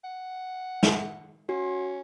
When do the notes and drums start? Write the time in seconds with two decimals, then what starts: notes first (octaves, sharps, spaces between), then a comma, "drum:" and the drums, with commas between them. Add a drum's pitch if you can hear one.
0.04 F#5
0.83 drum: snare
1.49 C#4 F#4